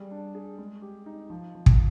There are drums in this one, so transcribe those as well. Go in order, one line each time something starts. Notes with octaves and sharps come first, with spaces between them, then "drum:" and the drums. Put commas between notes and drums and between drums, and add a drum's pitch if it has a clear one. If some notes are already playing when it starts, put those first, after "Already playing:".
Already playing: G3 G#4
D4
G#4
G#3
G4
D#4
F3
F3
drum: kick